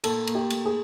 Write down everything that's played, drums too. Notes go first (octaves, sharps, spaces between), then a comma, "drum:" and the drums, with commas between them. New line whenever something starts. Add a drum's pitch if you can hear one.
A#2 A4, drum: cymbal
A#2, drum: cymbal
G4
A3, drum: cymbal
G#4